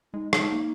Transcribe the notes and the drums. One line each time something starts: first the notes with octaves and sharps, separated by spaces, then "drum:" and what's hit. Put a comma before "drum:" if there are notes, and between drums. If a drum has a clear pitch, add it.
G#3 D#4
D#4, drum: rim click
A#3